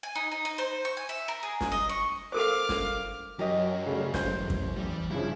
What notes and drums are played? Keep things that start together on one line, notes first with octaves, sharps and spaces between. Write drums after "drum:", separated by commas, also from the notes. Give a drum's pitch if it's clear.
G#5
D#4
D#4
D#4
C5
C#6
G#5
E5
A#4
G#4
drum: snare
D#5
C#6
A4 A#4 C5 F5 D6
drum: snare
F#2 F#3 G4 A#4 D#5
C#3 G3 A3
A1 C5 G6, drum: snare
drum: kick
E2 G3
G2 C#3 F3 E4